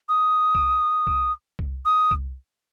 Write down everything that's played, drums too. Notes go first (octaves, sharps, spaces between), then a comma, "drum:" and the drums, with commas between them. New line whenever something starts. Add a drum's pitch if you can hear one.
D#6
drum: kick C2
drum: kick C2
drum: kick C2
D#6
drum: kick C2